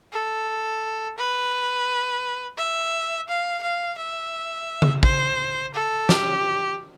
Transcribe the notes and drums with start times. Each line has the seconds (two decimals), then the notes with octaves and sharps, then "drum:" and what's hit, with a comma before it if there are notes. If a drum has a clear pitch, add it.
0.13 A4
1.17 B4
2.58 E5
3.29 F5
3.63 F5
3.98 E5
4.82 drum: tom C#3
5.03 C5, drum: kick
5.74 A4
6.09 G4, drum: snare